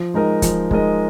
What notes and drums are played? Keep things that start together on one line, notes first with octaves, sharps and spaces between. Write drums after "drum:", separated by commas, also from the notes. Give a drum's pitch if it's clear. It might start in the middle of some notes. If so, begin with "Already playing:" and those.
Already playing: F3
G#3 D#4 A#4 D#5
F3, drum: kick, hi-hat
G#3 D#4 A#4 D#5, drum: kick